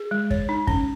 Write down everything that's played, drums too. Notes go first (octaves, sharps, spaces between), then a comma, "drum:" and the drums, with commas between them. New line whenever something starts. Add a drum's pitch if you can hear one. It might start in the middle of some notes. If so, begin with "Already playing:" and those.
Already playing: G#4
G#3
C#5, drum: kick
D#4
C#4, drum: kick